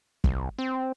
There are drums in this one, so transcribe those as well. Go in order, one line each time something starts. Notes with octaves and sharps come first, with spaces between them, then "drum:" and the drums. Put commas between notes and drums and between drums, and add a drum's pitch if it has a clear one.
C2, drum: kick
C4